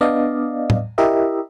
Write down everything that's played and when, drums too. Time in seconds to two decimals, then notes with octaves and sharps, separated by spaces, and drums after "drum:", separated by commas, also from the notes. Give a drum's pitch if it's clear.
0.01 B3 D4 D5 D#5 F5
0.70 drum: tom A2
0.98 E4 G4 A#4 D#5 E5